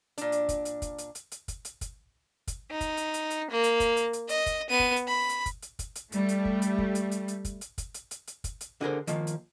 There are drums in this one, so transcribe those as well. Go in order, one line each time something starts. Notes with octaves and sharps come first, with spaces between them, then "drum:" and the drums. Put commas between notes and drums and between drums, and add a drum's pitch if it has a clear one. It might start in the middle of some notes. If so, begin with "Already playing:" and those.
A#2 D4, drum: hi-hat
drum: hi-hat
drum: kick, hi-hat
drum: hi-hat
drum: kick, hi-hat
drum: hi-hat
drum: hi-hat
drum: hi-hat
drum: kick, hi-hat
drum: hi-hat
drum: kick, hi-hat
drum: kick, hi-hat
D#4
drum: kick, hi-hat
drum: hi-hat
drum: hi-hat
drum: hi-hat
A#3
drum: hi-hat
drum: kick, hi-hat
drum: hi-hat
drum: hi-hat
D#5, drum: hi-hat
drum: kick, hi-hat
B3 D#7
drum: kick
drum: hi-hat
B5
drum: hi-hat
drum: kick, hi-hat
drum: hi-hat
drum: kick, hi-hat
drum: hi-hat
G3 A3, drum: hi-hat
drum: hi-hat
drum: kick
drum: hi-hat
drum: kick
drum: hi-hat
drum: hi-hat
drum: hi-hat
drum: kick, hi-hat
drum: hi-hat
drum: kick, hi-hat
drum: hi-hat
drum: hi-hat
drum: hi-hat
drum: kick, hi-hat
drum: hi-hat
D3 G#4 A#4 C5
D#3 F3 A#3, drum: hi-hat
drum: hi-hat